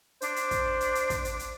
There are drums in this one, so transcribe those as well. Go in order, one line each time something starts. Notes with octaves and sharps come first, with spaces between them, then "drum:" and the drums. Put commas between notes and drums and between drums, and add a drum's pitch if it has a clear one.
D4 C5, drum: hi-hat
drum: hi-hat
drum: kick, hi-hat
drum: hi-hat
drum: hi-hat
drum: kick, hi-hat
drum: hi-hat
drum: hi-hat